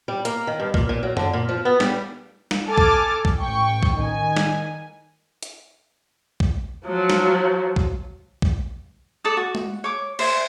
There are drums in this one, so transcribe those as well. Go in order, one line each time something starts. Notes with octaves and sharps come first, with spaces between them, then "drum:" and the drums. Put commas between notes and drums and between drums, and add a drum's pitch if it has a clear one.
G3
A#3, drum: hi-hat
D#3
G2
A#2, drum: kick B1
A#2
F#3
D3, drum: tom F#2
A#2
F3
B3
G3, drum: snare
drum: snare
A4 G#5 A5 D6 F6 A6
drum: kick B1
drum: kick B1
A1 G5 C#6
drum: kick B1
D#3 G#5
drum: snare
drum: hi-hat
drum: kick B1
F3 F#3
drum: snare
drum: kick B1
drum: kick B1
A4 D5 A5 D#6
F#4
drum: tom G#3
C#5 D6
C5 E5 G#5, drum: cymbal